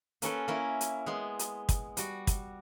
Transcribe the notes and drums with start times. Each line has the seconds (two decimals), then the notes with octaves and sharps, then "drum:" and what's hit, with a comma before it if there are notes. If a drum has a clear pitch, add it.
0.22 A#3 C#4 A4 B4, drum: hi-hat
0.48 A#3 C#4 E4
0.81 drum: hi-hat
1.06 G#3 B3 C6
1.39 drum: hi-hat
1.69 drum: kick, hi-hat
1.97 G3 F#4, drum: hi-hat
2.27 drum: kick, hi-hat